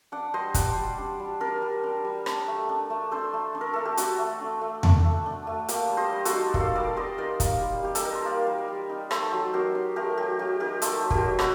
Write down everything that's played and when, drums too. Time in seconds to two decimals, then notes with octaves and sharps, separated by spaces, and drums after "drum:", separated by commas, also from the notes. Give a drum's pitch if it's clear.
0.12 D4 D5 F#5
0.34 G3 C5 D#5
0.54 D4 D5 F#5, drum: kick, hi-hat
0.77 G3
0.98 D4
1.20 G3
1.40 D4 A#4 D5
1.62 G3
1.83 D4
2.05 G3
2.26 D4, drum: rim click
2.48 A3
2.69 D4
2.90 A3
3.11 D4 A4 C5
3.33 A3
3.55 D4
3.61 A#4
3.73 A3 A4
3.85 G4
3.97 D4 F#4, drum: hi-hat
4.19 A3
4.40 D4
4.61 A3
4.83 D4, drum: tom E2
5.05 A3
5.26 D4
5.47 A3
5.68 A#3 G4, drum: hi-hat
5.90 G3
5.97 C5 D#5
6.11 G3
6.25 F#4 A4, drum: hi-hat
6.32 D#4
6.49 D5
6.54 A#3 A4 C5, drum: kick
6.75 G3 A#4 D5
6.96 G3 C5 D#5
7.18 D#4 A#4 D5
7.40 A#3, drum: kick, hi-hat
7.61 G3
7.83 G3 G4
7.95 A4, drum: hi-hat
8.04 D#4 A#4
8.15 C5
8.25 A#3 A#4 D5
8.47 G3
8.68 G3
8.89 D#4
9.11 A3 A4 C5, drum: rim click
9.32 F#3
9.53 F#3 G4 A#4
9.75 D#4
9.96 A3 G4 A#4
10.17 F#3 G4
10.39 F#3 G4
10.60 D#4 G4 A#4
10.82 A3 A4 C5, drum: hi-hat
11.03 F#3
11.11 G4 A#4, drum: kick
11.25 F#3
11.39 F#4 A4, drum: rim click